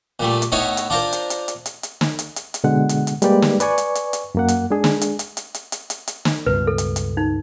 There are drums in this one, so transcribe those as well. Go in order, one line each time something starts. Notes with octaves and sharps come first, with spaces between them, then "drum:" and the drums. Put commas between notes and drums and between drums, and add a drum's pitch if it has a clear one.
A#2 G3 A3
drum: hi-hat
A2 B3 D#4 C#5 E5 C#6
drum: hi-hat
D4 F4 A#4 C5
drum: hi-hat
drum: hi-hat
drum: hi-hat
drum: hi-hat
drum: hi-hat
drum: snare
drum: hi-hat
drum: hi-hat
drum: hi-hat
B2 D3 G#3 F#5
drum: hi-hat
drum: hi-hat
G3 G#3 A#3 G4 B4 D5, drum: hi-hat
drum: snare
B4 D5 G#5 C#6, drum: hi-hat
drum: hi-hat
drum: hi-hat
drum: hi-hat
F#2 A#3 F#5
drum: hi-hat
G#3 D4 G#4
drum: snare
drum: hi-hat
drum: hi-hat
drum: hi-hat
drum: hi-hat
drum: hi-hat
drum: hi-hat
drum: hi-hat
drum: snare
C#2 G2 B2 B4
A4
drum: hi-hat
drum: hi-hat
D#4